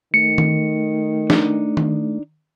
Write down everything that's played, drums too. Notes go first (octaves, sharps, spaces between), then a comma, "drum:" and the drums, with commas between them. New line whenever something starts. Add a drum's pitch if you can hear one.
D#3 A3 C#7
drum: tom D#3
D4 D#4, drum: snare
drum: tom D#3